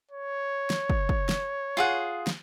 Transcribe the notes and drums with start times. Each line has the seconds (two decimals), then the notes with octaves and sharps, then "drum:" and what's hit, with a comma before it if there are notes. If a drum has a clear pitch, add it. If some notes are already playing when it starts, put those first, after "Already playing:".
0.11 C#5
0.70 drum: snare
0.90 drum: kick
1.09 drum: kick
1.29 drum: snare
1.77 F4 G#4 F#5
2.27 drum: snare